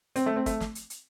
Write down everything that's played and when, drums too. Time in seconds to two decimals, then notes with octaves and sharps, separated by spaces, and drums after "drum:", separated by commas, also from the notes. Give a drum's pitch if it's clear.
0.16 C4, drum: hi-hat
0.26 A3
0.36 C4
0.46 A3, drum: kick, hi-hat
0.60 drum: snare
0.75 drum: hi-hat
0.90 drum: hi-hat